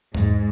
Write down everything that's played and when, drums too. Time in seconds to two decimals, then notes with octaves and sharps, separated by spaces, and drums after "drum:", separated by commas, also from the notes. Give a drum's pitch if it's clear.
0.14 G#2, drum: tom E2